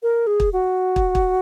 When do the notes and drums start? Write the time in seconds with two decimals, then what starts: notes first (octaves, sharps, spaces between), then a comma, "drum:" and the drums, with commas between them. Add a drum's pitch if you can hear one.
0.03 A#4
0.27 G#4
0.40 drum: kick
0.53 F#4
0.96 drum: kick
1.15 drum: kick